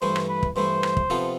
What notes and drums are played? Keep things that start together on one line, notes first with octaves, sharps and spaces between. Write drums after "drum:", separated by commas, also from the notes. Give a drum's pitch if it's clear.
G2 E3 A3 E4 C5
drum: rim click
B4
drum: kick
G2 E3 A3 E4 C5
drum: rim click
drum: kick
C3 F3 B3 F4 A4